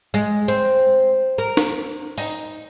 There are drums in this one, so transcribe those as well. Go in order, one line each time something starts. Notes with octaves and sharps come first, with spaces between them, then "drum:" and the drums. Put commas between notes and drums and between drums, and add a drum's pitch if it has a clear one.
G#3, drum: hi-hat
C4, drum: hi-hat
A#4, drum: tambourine
drum: snare
D#4, drum: open hi-hat